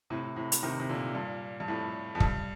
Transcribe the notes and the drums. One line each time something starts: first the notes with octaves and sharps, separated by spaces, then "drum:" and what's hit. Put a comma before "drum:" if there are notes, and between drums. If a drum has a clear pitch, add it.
A2 C3
A2 C3
drum: hi-hat
C3 D#3
C3
A#2 D3
G2 A#2
G2
F2 A2
F2
G2, drum: kick